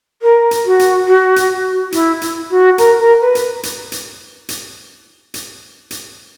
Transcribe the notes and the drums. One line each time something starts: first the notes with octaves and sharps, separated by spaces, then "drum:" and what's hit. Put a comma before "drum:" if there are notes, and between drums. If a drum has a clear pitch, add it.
A#4
drum: hi-hat
F#4
drum: hi-hat
F#4
drum: hi-hat
F#4
E4, drum: hi-hat
E4, drum: hi-hat
F#4
A#4, drum: hi-hat
A#4
B4
drum: hi-hat
drum: hi-hat
drum: hi-hat
drum: hi-hat
drum: hi-hat
drum: hi-hat